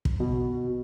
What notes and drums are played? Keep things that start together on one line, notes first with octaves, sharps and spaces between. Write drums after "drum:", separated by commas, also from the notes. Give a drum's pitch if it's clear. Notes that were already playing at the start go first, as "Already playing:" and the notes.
drum: kick
B2